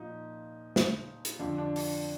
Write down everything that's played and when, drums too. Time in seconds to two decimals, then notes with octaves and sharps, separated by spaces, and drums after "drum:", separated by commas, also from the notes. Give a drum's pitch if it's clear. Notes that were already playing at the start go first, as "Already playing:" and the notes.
Already playing: A#2 F3 D#4
0.76 drum: snare
1.25 drum: hi-hat
1.39 F2 D3 F3 D4
1.58 D4
1.76 D4, drum: open hi-hat